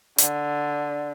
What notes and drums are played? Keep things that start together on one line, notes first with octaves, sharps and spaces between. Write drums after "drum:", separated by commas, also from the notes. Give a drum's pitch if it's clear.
D3, drum: hi-hat